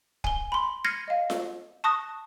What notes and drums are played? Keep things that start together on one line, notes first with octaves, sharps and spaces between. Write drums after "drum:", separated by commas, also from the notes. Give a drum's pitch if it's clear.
G#5 G7, drum: kick
B5 C6
F6 G#6 A#6 C7 C#7 D#7
D#5 F5
drum: snare F4
A5 C#6 D#6 F#6 A#6